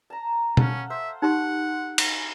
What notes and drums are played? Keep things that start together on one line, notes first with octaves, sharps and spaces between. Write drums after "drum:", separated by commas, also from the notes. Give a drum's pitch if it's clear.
A5 A#5
C#4 A4 F5 F#5, drum: tom B2
C5 E5
D#4 G4 F#5 C6
drum: cymbal